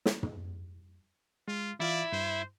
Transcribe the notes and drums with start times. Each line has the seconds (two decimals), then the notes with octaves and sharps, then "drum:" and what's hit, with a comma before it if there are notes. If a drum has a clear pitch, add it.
0.06 drum: snare
0.23 drum: tom
1.48 G#3 F4
1.80 E3 E4 F4 D5 F5
2.12 G2 C5